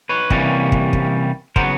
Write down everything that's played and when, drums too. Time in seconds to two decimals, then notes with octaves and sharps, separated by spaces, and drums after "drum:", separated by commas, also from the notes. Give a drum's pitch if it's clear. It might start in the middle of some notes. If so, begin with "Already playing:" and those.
0.09 B4 C#5
0.30 C3 E3 G3 A#3 C#4, drum: kick
0.72 drum: kick
0.93 drum: kick
1.56 C#3 F#3 B3 A#4 C5, drum: kick